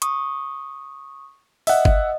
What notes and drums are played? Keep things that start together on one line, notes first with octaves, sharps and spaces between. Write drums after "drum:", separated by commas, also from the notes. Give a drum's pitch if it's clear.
C#6 D#6, drum: hi-hat
D#5 E5 F#5, drum: open hi-hat
drum: kick G1